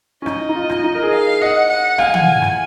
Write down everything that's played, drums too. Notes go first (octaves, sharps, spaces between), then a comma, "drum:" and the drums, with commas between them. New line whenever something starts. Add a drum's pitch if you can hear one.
C#4
D#4 D#5, drum: rim click
D#4
F4
drum: rim click
D#4
A#4
G#4
F5
D#5 F#5
F#5
F5 G#5, drum: rim click
F#5, drum: tom
drum: rim click